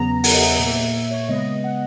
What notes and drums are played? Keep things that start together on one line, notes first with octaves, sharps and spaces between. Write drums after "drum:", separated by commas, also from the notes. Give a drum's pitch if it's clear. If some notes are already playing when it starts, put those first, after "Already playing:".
Already playing: E2 C#3 F#3 B3 A#5
F#5, drum: open hi-hat
D#5
E5
D#5
A#2 A#3 E5
E5
C#5
C#3 G#3 B3 D#5
F#5